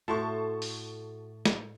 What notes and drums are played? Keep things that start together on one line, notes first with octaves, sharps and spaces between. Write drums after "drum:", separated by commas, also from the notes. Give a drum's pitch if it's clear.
A2 F#4 A4 A5 C6 C#6
drum: open hi-hat
drum: snare